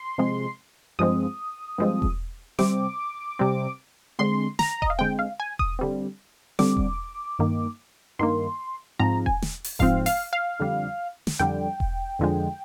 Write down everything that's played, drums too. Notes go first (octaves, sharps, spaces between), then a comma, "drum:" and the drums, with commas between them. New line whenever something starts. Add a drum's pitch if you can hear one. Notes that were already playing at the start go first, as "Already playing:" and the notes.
Already playing: C6
C3 F3 G#3 C4
G2 F3 G#3 C4 D#6
G2 F3 G#3 C4
drum: kick E1
C3 G3 C4 D6, drum: snare
C3 G3 C4
D3 G#3 C4 C6
A#5, drum: snare
D#5, drum: kick E1
F5
D3 G#3 C4 G5
F5
G#5
D#6, drum: kick E1
D3 G3 C4
D3 G3 C4 D6, drum: snare
drum: kick E1
G2 D#3 A#3
G2 D#3 A#3 C6
G#2 F3 C4 A#5
G#5, drum: kick E1
drum: snare
drum: open hi-hat
G#2 F3 C4 F5, drum: kick E1
F5, drum: open hi-hat
F5
F2 D3 G3
drum: snare
F2 D3 G3 G5
drum: kick E1
F2 D3 F3 G#3